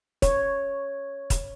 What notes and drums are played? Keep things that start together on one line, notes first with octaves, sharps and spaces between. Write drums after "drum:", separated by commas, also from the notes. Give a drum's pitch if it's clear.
C#5, drum: kick, hi-hat
drum: kick, hi-hat